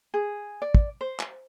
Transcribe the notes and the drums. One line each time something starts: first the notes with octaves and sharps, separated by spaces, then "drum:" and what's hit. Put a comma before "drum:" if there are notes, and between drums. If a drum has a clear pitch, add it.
G#4
D5
drum: kick
C5
drum: clap